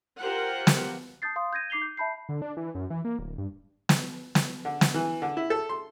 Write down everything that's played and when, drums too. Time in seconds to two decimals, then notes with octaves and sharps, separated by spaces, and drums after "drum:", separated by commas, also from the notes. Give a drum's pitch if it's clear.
0.20 F4 G4 A#4 C5 F#5
0.67 drum: snare
1.22 A5 D#6 G6 A6 C7
1.36 F5 C6 D#6
1.53 G6 G#6 A#6 D#7
1.70 D#4 D6 C7 F7 G7
1.82 G6
1.97 E5 A5 B5 G6 C7
2.29 D3
2.42 D4
2.57 E3
2.75 F#2
2.90 E3
3.05 A#3
3.19 D1
3.38 G2
3.89 drum: snare
4.35 drum: snare
4.65 D3
4.81 drum: snare
4.94 E3
5.22 D3
5.37 E4
5.50 A4
5.69 C6